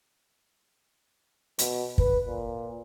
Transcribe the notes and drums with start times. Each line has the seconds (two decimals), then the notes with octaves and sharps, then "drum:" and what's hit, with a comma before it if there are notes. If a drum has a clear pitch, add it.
1.59 B2, drum: hi-hat
1.98 B4, drum: kick
2.28 A#2